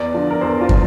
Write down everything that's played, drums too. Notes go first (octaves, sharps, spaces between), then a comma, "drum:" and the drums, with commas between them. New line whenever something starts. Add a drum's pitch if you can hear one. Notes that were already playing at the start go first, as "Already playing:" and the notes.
Already playing: E2 D5
D3 F3
A#4
E2 C5
F4
F3, drum: kick